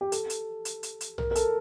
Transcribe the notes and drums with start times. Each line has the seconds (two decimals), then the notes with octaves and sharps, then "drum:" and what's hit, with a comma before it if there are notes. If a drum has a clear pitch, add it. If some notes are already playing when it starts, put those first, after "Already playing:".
0.01 G4
0.12 A4, drum: hi-hat
0.30 drum: hi-hat
0.65 drum: hi-hat
0.83 drum: hi-hat
1.01 drum: hi-hat
1.18 A#4, drum: tom
1.31 A#4
1.35 A4, drum: hi-hat